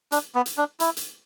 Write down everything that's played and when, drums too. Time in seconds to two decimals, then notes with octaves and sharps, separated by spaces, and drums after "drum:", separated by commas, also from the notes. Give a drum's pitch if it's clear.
0.12 D4, drum: hi-hat
0.35 B3
0.46 drum: hi-hat
0.58 D4
0.80 E4, drum: hi-hat
0.97 drum: hi-hat